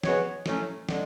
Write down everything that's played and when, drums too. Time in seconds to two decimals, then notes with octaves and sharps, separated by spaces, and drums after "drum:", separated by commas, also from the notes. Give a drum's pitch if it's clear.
0.03 G#3 B3 F#4 C#5, drum: snare
0.46 A2 F#3 A3 C#4, drum: snare
0.89 D3 G#3, drum: snare